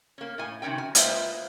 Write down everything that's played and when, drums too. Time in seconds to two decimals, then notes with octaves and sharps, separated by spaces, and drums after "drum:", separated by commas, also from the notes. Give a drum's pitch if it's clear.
0.18 A#3 C#4
0.38 A2 G#5
0.62 C3 D#3 F#3 C#4 G5
0.78 G#5
0.95 G#3 A#3 F4 B4 C5 E5, drum: hi-hat